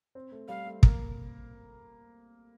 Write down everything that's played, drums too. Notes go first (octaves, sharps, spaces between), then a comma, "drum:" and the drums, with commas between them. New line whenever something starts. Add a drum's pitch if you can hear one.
C4
A3
G3 F5
A3
A#3, drum: kick